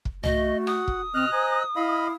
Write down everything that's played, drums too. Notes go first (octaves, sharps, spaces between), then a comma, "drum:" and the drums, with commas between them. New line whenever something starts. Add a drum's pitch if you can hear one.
drum: kick
A3 F#4 D#5, drum: tom C2
F#5 D#6, drum: rim click
drum: kick
B2 C4 D#5 F6 F#6
C5 G#5 A#5
E4 D#5 F5 B5